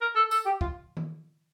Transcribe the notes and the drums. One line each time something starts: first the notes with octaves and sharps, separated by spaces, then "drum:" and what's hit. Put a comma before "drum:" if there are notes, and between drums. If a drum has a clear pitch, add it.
A#4
A4
A4, drum: tambourine
G4
F4, drum: kick
drum: tom D#3